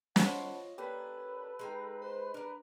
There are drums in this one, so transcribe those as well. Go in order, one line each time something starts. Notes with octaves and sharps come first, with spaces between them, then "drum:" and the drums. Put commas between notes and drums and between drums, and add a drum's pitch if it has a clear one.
F4 C5 C#5 D#5 F#5 A5 B5, drum: snare
A#3 C#4 D4 G4 A4 B4
G#3 D#4 G5
C5
G3 D4 A#4